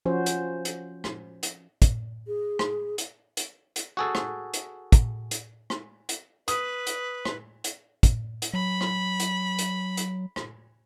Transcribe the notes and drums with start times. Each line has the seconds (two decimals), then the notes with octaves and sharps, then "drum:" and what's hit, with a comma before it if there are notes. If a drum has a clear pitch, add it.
0.05 F3 C#4 F#4 C5
0.26 drum: hi-hat
0.65 drum: hi-hat
1.04 drum: rim click
1.43 drum: hi-hat
1.82 drum: kick, hi-hat
2.27 G#4
2.59 drum: rim click
2.98 drum: hi-hat
3.37 drum: hi-hat
3.76 drum: hi-hat
3.97 F#4 G#4 A4
4.15 drum: rim click
4.54 drum: hi-hat
4.92 drum: kick, hi-hat
5.31 drum: hi-hat
5.70 drum: rim click
6.09 drum: hi-hat
6.48 B4 D#6, drum: hi-hat
6.87 drum: hi-hat
7.25 drum: rim click
7.64 drum: hi-hat
8.03 drum: kick, hi-hat
8.42 drum: hi-hat
8.54 F#3 B5
8.81 drum: rim click
9.20 drum: hi-hat
9.59 drum: hi-hat
9.97 drum: hi-hat
10.36 drum: rim click